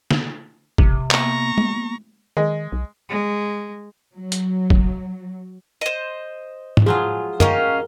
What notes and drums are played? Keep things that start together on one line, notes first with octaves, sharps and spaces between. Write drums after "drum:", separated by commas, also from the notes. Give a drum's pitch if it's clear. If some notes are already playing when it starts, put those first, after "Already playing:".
drum: snare
C3, drum: kick G#1
A#3 B3 A#5 C#6, drum: clap
drum: tom G#3
D#3 G#3
B1
G#3
F#3
drum: hi-hat
drum: kick G#1
C5 D#5
drum: tom
F3 F#3 F4 G#4
C#4 G4 A#4 D#5 F5, drum: tom F#2